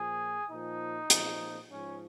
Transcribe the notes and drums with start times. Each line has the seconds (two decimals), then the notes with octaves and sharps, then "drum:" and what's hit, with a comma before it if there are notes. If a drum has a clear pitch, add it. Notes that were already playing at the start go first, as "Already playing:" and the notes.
Already playing: A#2 F3 G#4
0.49 A#2 F3 D#4
1.10 A#2 F3, drum: hi-hat
1.71 G#2 F3 C#4